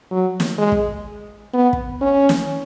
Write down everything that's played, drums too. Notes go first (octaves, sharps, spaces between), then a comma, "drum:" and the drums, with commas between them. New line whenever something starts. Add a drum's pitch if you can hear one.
F#3
drum: snare
G#3
drum: kick
B3
drum: kick
C#4
drum: snare